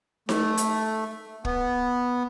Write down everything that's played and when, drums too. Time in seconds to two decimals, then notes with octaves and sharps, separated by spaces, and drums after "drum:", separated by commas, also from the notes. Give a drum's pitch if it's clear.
0.29 A3, drum: snare D#4
0.58 drum: hi-hat
1.45 B3, drum: kick